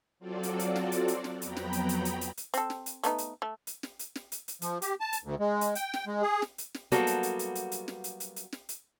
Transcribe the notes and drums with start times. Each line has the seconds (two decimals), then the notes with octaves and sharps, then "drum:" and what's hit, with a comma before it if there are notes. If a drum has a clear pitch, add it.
0.19 F#3 C4 F4 F#4 A4 D5
0.43 drum: hi-hat
0.59 drum: hi-hat
0.76 drum: snare
0.92 drum: hi-hat
1.08 drum: hi-hat
1.24 drum: snare
1.42 F2 F#3 B3 G5 A#5 B5, drum: hi-hat
1.57 drum: snare
1.73 drum: hi-hat
1.89 drum: hi-hat
2.05 drum: hi-hat
2.21 drum: hi-hat
2.37 drum: hi-hat
2.54 C4 A4, drum: hi-hat
2.70 drum: snare
2.86 drum: hi-hat
3.04 A3 B3 D#4, drum: hi-hat
3.18 drum: hi-hat
3.42 A3
3.67 drum: hi-hat
3.83 drum: snare
3.99 drum: hi-hat
4.15 drum: snare
4.32 drum: hi-hat
4.48 drum: hi-hat
4.62 F3, drum: hi-hat
4.82 G4, drum: hi-hat
5.00 A5
5.13 drum: hi-hat
5.24 D2
5.40 G#3
5.61 drum: hi-hat
5.75 G5, drum: hi-hat
5.94 drum: snare
6.07 G#3
6.22 G#4
6.42 drum: snare
6.58 drum: hi-hat
6.74 drum: snare
6.92 F#3 G3 A#3 B3 F#4 A4, drum: hi-hat
7.07 drum: hi-hat
7.23 drum: hi-hat
7.39 drum: hi-hat
7.55 drum: hi-hat
7.72 drum: hi-hat
7.88 drum: snare
8.04 drum: hi-hat
8.20 drum: hi-hat
8.36 drum: hi-hat
8.52 drum: snare
8.69 drum: hi-hat